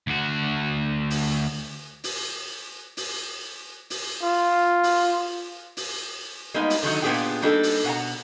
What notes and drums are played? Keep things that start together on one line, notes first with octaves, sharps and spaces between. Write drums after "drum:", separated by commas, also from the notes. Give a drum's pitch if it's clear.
D2 F#4
drum: open hi-hat
drum: open hi-hat
drum: open hi-hat
drum: open hi-hat
F4
drum: open hi-hat
drum: open hi-hat
G3 G#3 A#3 B3 D#4
drum: open hi-hat
D3 D#3 F#3 D#4
A#2 B3 D4 G4 G#4 G5
G3 A#3 D4 D#4 G4 A4
drum: open hi-hat
B2 F#5 G#5 A#5